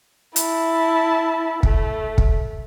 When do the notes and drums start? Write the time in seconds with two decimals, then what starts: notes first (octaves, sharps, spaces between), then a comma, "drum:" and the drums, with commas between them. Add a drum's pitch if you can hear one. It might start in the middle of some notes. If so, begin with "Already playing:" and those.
0.36 E4 A5, drum: hi-hat
1.63 A3, drum: kick
2.18 drum: kick